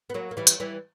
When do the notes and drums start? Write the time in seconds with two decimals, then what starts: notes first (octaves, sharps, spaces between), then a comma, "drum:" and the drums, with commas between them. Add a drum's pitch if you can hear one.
0.10 B3
0.14 F#3 A#3
0.31 A#3
0.37 E3 G3
0.47 drum: hi-hat
0.60 E3 G3